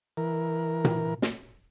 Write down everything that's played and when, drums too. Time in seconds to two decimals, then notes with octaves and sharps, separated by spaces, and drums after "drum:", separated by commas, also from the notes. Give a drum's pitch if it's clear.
0.17 E3 A#4
0.84 drum: tom A#2
1.22 drum: snare